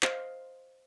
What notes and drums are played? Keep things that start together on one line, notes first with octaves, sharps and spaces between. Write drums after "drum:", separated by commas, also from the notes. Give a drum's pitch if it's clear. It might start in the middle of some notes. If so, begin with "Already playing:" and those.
C5 D#5 F5, drum: clap